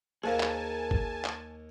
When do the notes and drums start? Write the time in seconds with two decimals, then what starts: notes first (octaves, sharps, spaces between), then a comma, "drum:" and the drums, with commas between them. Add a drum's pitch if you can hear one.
0.24 D#2 G#4 A#4 C5 F5 G#5 A5
0.40 drum: clap
0.91 drum: kick
1.25 drum: clap